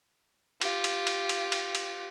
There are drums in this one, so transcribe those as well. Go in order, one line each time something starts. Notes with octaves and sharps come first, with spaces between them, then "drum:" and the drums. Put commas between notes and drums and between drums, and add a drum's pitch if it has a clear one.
F4 G4, drum: cymbal
drum: cymbal
drum: cymbal
drum: cymbal
drum: cymbal
drum: cymbal